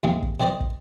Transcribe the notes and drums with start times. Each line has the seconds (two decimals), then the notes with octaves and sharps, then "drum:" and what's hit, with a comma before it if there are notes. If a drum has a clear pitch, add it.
0.03 D#2 G#2 C3 G#3
0.22 drum: kick
0.40 C3 G3 C5 D5 D#5
0.60 drum: kick